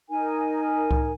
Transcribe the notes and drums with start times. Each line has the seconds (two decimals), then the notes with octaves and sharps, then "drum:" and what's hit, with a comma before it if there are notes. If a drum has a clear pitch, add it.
0.10 D#4 A#4 G#5
0.91 drum: kick C2